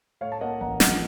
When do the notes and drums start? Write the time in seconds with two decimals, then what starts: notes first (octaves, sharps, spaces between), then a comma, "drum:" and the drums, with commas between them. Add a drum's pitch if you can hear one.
0.21 A2 C#5 F5
0.32 A5
0.41 A#3 D#5 F#5
0.61 A1 F#5 A#5
0.80 F3 D#5 F#5, drum: snare